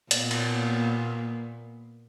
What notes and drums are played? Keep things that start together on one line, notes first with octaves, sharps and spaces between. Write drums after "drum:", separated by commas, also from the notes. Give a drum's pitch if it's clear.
A#2 A#3 B3, drum: hi-hat
drum: cymbal